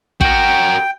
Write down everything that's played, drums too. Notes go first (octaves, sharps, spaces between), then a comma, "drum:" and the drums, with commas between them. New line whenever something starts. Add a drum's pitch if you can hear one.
F#4 A#4 G5, drum: kick